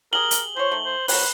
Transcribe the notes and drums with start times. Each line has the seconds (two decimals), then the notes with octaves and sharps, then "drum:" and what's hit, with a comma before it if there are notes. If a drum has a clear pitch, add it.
0.13 G4 G#4 A#4 F#7 G7
0.31 drum: hi-hat
0.56 F3 C5 C#5
0.72 D#3 A3
0.85 C5
1.08 F#3 C4 B4 C5, drum: open hi-hat